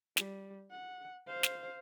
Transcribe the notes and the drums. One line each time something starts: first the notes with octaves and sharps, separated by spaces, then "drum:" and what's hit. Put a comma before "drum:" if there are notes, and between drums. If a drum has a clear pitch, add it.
G3, drum: snare
F#5
C5 F5
drum: snare